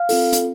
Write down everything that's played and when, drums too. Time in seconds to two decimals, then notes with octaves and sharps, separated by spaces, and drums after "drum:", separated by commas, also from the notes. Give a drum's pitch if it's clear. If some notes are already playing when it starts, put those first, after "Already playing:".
Already playing: F5 F6
0.09 C4 F4 A4, drum: open hi-hat
0.33 drum: hi-hat